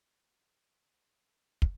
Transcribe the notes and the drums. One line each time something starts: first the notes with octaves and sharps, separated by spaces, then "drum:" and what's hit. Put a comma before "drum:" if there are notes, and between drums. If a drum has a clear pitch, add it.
A#2 F#3 A#3 D#4 G#4
A2 F#3 A3 D4
A2 F#3 A3 C4 D#4
A#2 G3 A#3 D#4
drum: kick